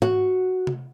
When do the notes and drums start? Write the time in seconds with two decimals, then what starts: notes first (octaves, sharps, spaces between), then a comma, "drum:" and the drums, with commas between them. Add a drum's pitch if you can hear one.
0.02 F#4, drum: tom G#2
0.67 drum: tom C3